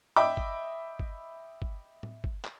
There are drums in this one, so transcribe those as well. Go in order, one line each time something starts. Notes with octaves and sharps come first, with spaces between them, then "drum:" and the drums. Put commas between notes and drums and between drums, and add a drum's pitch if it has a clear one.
D#5 E5 G5 B5 D6
drum: kick
drum: kick
drum: kick
drum: tom A2
drum: kick
drum: clap